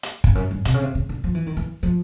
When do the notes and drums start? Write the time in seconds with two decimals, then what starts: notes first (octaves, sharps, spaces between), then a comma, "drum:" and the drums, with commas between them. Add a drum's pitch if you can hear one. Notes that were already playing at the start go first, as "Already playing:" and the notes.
0.03 drum: hi-hat
0.24 F2, drum: kick
0.35 F#2
0.51 G2
0.65 C3, drum: hi-hat
0.74 C#3
0.82 C3
0.95 C#3
1.09 D3
1.24 F3
1.35 E3
1.46 D#3
1.57 E3
1.83 F3